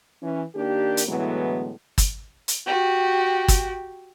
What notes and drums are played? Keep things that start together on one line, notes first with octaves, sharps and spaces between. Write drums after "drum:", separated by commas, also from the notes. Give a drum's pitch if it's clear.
E3 C#4
D#3 A#3 D4 G4
drum: hi-hat
A2 D3 E3 F#3 G#3 B3
drum: kick, hi-hat
drum: hi-hat
F#4 G4
drum: kick, hi-hat